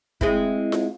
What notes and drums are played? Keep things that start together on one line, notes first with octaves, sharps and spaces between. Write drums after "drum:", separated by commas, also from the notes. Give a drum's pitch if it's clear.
G#3 C4 E4, drum: kick
drum: snare F4